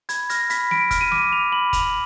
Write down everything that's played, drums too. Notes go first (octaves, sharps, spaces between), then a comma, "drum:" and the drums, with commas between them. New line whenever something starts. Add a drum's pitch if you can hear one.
B5 G#6, drum: hi-hat
F6 A#6, drum: hi-hat
B5 B6, drum: hi-hat
B5 D7, drum: snare
F6, drum: kick F1, hi-hat
D#7
D6, drum: snare
B5 F7
B5 F#7
B5 F7, drum: kick F1, hi-hat